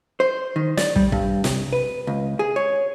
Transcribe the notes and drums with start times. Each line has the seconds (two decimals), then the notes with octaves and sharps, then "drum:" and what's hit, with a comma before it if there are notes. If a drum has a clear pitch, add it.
0.20 C5
0.56 D#3
0.77 D5, drum: snare
0.96 G3, drum: kick
1.12 G2, drum: kick
1.44 C3, drum: snare
1.73 B4
2.07 C#2
2.39 G#4
2.56 C#5